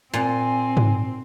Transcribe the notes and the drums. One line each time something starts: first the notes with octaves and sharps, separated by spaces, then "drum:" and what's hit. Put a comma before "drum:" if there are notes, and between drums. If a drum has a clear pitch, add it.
A#2 C4 G#5
drum: tom G#2